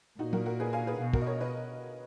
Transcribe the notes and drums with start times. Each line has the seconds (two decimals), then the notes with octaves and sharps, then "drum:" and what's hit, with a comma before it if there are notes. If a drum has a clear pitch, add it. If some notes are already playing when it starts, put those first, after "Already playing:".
0.19 A#2 D#4 F#4
0.33 F#4 A#4, drum: tom
0.46 F#4 A#4
0.60 G#4 B4
0.73 F5 G#5
0.87 G#4 B4
1.00 B2
1.14 F#4 A#4, drum: kick
1.21 D#5
1.27 A#4 C#5
1.40 B4 D#5